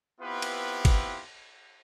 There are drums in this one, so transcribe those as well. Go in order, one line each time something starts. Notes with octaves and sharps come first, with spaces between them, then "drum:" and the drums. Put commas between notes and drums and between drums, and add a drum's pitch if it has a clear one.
B3 C4 E4 F4 G4 B4
drum: cymbal
drum: kick, cymbal